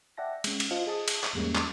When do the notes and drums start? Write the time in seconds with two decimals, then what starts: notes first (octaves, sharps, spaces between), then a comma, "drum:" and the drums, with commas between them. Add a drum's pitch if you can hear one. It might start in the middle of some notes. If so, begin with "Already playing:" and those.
0.17 D5 E5 F#5 G5 A5 A#6
0.44 G#3 C#4, drum: cymbal
0.60 drum: cymbal
0.70 F4 C5 D#5 F5 A5
0.87 G#4 D#5 A5 D#6
1.08 drum: cymbal
1.24 drum: clap
1.33 E2 G#2 G3 G#3 A#3 C#4
1.55 drum: clap